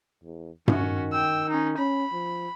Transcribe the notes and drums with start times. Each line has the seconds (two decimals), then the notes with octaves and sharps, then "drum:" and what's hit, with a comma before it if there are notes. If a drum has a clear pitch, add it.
0.24 E2
0.68 D#3 C#4 F#4, drum: tom G2
1.12 G5 E6
1.50 C#4 D#4
1.78 C#4 B5
2.12 F3